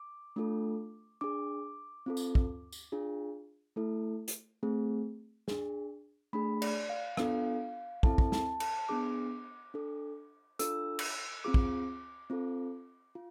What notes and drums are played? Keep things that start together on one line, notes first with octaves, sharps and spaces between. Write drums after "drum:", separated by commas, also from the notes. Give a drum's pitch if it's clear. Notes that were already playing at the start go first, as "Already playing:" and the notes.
Already playing: D6
A3 D4 F4 A4
D4 G#4 D6
C4 F4 A4
drum: tambourine
drum: kick
drum: tambourine
D4 F4 G#4
A3 E4 A4
drum: hi-hat
A3 C4 G#4
D4 G#4, drum: snare
A3 D4 G#4 B5
D5, drum: cymbal
F5
B3 D4 F4 A4 F5, drum: rim click
C4 E4 A4 A5, drum: kick
drum: kick
A5, drum: snare
A5, drum: cymbal
B3 D4 G#4 D6
D4 A4
D4 F4 A4 E6, drum: hi-hat
drum: cymbal
C4 F4 G#4 D6
drum: kick
C4 F4 A4
F4